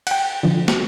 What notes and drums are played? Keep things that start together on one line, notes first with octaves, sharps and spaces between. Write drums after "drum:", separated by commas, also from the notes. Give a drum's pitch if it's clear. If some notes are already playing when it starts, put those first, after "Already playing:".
F#5 G5, drum: cymbal
D3 F3
drum: snare